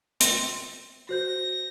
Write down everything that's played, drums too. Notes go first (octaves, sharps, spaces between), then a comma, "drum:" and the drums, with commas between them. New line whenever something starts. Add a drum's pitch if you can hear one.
C6, drum: hi-hat
F#4 C5 G6 A#6